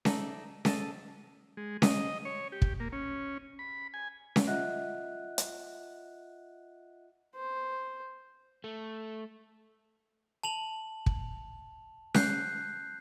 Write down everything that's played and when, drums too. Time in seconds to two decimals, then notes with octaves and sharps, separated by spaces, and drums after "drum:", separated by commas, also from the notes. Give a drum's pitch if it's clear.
0.05 D#4 A4 D5 E5, drum: snare C#4
0.65 A4 D#5 A5, drum: snare C#4
1.57 G#3
1.82 D#5, drum: snare C#4
2.25 C#5
2.52 G4
2.62 drum: kick
2.80 A#3
2.93 C#4
3.59 B5
3.94 G#5
4.36 drum: snare C#4
4.47 F4 D#5 E5 F#5 F#6
5.38 drum: hi-hat
7.36 C5
8.64 A3
10.43 A5 F7 F#7
11.06 drum: kick
12.15 F#6 G6 C7, drum: snare C#4